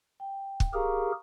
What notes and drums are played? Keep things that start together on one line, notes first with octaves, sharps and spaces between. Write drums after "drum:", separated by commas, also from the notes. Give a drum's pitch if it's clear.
G5
drum: kick
G4 G#4 A#4 F5 A#5 C#6